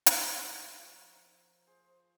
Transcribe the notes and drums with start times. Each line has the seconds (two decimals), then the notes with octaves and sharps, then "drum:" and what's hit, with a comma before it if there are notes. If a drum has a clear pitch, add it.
0.06 drum: hi-hat
0.17 C#3
0.46 D#3
0.76 F3 A#4 C#5
1.67 G#4 C5